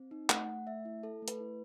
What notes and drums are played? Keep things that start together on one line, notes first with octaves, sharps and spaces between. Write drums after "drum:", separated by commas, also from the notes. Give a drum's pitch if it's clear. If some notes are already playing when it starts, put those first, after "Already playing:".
Already playing: C4
D#4
A3 F#5, drum: clap
A3
A3 E5
E4
A4
A3
B4, drum: hi-hat
E4